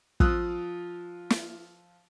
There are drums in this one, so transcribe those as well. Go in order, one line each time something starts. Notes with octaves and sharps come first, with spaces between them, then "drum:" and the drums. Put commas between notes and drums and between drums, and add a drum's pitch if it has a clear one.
F3 F4 D#6 E6 F#6, drum: kick
drum: snare